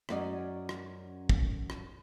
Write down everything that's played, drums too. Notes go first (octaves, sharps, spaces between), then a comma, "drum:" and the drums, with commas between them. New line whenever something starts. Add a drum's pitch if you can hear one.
F#2 F#3 C#4 F#4 D5 D#5, drum: rim click
drum: rim click
drum: kick
drum: rim click